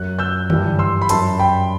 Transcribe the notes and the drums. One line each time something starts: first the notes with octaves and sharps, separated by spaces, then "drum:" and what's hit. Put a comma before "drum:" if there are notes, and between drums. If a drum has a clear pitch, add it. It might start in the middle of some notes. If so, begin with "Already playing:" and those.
Already playing: F#2 F#3 F#6
E6 G6
G2 E3 G3, drum: tom D3
C6 E6
B5
F#2 F#3 A5 C6, drum: hi-hat
G5 B5